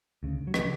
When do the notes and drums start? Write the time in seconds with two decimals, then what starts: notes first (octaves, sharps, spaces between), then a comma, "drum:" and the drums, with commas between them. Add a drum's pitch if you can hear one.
0.23 D2 C#3
0.47 F#3
0.54 F3, drum: rim click
0.59 C#3